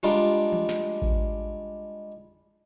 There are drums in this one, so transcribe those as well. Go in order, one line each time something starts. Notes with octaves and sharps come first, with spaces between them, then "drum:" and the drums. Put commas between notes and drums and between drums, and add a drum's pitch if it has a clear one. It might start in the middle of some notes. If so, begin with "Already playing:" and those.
G3 G#3 D4 F4 A#4
drum: tom
drum: snare
drum: kick A1